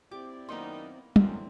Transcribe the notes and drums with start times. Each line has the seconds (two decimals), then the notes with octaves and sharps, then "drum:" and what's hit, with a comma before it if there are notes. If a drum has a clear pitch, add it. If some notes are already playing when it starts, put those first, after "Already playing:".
0.11 C4 E4 G4 D5 D6
0.49 F#2 D#3 A#3 B3 D#4 A#5 C6
1.16 F#2 D3 E3 C4, drum: tom